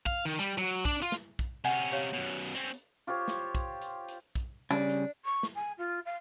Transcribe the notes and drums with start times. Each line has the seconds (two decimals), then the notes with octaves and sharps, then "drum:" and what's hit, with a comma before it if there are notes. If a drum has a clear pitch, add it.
0.06 F5, drum: kick, hi-hat
0.25 D#3
0.39 G3
0.58 F#3, drum: hi-hat
0.85 D4, drum: kick, hi-hat
1.02 F4
1.12 drum: snare
1.39 drum: kick, hi-hat
1.64 C3 C#4 D#5 F#5 G#5, drum: hi-hat
1.92 G4 C#5 F5, drum: hi-hat
2.13 F#2 B2
2.55 C4 C#4
2.74 drum: hi-hat
3.07 F4 G4 C5 C#5
3.28 drum: snare
3.55 drum: kick, hi-hat
3.82 drum: hi-hat
4.09 drum: hi-hat
4.35 drum: kick, hi-hat
4.71 C#3 G3 C#4 D4
4.89 drum: hi-hat
5.24 C#6
5.43 drum: snare
5.55 G#5
5.77 F4
6.05 F5